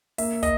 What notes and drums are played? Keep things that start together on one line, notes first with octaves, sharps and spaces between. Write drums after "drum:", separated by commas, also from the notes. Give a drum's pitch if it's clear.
A#3 E5, drum: open hi-hat
D#5, drum: kick, hi-hat